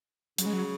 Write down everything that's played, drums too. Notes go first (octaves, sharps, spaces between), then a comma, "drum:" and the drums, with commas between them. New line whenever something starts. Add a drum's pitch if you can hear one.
C#3 F#3, drum: hi-hat
G#3
F#3